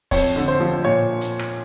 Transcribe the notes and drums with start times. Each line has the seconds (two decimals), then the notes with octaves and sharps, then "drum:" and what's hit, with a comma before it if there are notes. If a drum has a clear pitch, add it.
0.11 F2 C#5, drum: kick, open hi-hat
0.36 D3
0.48 C5
0.60 F3
0.84 A#2 C#5
1.21 drum: hi-hat
1.39 drum: rim click